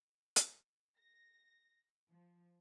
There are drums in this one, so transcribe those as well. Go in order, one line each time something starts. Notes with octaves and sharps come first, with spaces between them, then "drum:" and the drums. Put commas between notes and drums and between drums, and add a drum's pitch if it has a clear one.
drum: hi-hat
A#6
F3